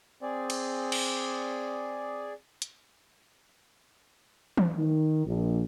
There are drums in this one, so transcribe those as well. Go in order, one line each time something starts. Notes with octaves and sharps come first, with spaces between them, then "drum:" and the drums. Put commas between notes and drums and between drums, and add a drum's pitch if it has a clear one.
C4 G#4 D5
drum: cymbal
drum: cymbal
drum: hi-hat
drum: tom E3
D#3
A#1